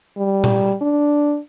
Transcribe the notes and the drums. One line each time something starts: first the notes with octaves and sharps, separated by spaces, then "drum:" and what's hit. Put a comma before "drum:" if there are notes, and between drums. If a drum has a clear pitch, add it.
G3
drum: tom A#2
D4